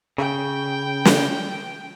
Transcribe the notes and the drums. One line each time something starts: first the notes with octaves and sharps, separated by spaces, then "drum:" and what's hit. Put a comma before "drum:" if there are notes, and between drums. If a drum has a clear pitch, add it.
C#3 G5
drum: snare